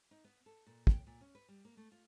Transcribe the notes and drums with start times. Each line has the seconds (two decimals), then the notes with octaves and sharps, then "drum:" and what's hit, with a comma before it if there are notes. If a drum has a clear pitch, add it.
0.11 D#4
0.24 B3
0.46 A4
0.67 A#2
0.87 G5, drum: kick
1.07 A#2
1.21 C#4
1.35 B4
1.49 G3
1.65 A#3
1.77 A3
1.92 F4